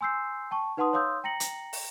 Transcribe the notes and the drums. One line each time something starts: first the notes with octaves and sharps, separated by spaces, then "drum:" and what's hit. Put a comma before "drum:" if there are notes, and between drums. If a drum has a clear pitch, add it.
G#5 C6 E6 G6 C7
G5 A5 C#6
D#4 B4 F#5 A5 C6 D#6
C#5 F5 C6 D#6 E6 G6
G5 A#5 A#6 C#7 F#7
drum: hi-hat
drum: open hi-hat